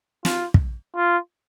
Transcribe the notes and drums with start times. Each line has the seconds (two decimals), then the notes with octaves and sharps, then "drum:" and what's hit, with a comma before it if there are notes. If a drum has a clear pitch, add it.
0.25 F4, drum: snare
0.54 drum: kick
0.96 F4